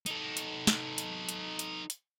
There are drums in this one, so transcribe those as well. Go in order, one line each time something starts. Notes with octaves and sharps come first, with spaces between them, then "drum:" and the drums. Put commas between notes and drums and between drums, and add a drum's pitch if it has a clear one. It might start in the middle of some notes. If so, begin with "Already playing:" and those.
D#4 A4, drum: hi-hat
drum: hi-hat
drum: snare
drum: hi-hat
drum: hi-hat
drum: hi-hat
drum: hi-hat